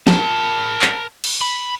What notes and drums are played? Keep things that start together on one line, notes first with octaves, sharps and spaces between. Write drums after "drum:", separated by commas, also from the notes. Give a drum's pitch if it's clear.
A#4 A5, drum: snare
drum: clap
drum: cymbal
B5